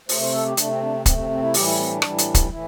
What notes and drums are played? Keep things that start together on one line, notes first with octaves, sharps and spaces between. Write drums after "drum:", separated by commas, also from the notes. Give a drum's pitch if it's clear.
C3 A3 C5, drum: open hi-hat
C5
A4
G4
C3 A3 D4, drum: hi-hat
C4
D4
C4
C3 A3 C4, drum: kick, hi-hat
C4
C4
E4
A2 E3 G3 G4, drum: open hi-hat
E4
C4
D4
A2 E3 G3, drum: rim click
drum: hi-hat
drum: kick, hi-hat
A2 E3 E4